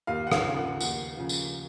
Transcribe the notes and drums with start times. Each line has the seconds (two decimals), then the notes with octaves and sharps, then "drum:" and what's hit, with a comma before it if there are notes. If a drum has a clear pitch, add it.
0.07 D#2 F5
0.27 F#5
0.32 F5, drum: rim click
0.44 C#3 F3
0.57 F#5
0.81 D#2 F#5, drum: tambourine
1.17 C#3 F3
1.29 drum: tambourine